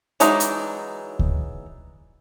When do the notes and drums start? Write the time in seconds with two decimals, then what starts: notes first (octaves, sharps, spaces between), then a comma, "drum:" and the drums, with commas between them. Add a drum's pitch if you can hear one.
0.20 E3 F#3 G#3 D4 D#4, drum: hi-hat
0.40 drum: hi-hat
1.19 drum: kick D2